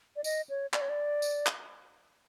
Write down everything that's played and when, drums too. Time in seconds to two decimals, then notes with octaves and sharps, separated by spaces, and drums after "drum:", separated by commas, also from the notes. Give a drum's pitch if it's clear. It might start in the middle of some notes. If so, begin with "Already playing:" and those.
0.16 D5
0.24 D#5, drum: tambourine
0.49 C#5
0.74 D5, drum: clap
0.81 C#5
0.89 D5
1.22 drum: tambourine
1.46 drum: clap